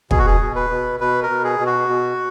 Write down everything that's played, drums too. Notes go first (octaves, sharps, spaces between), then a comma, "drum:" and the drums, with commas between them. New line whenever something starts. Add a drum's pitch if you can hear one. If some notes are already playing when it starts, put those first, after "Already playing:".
B2 G#4, drum: kick
F#4
G#4
B2
B4
B2
B2 B4
A#4
B2
G#4
B2
F#4
B2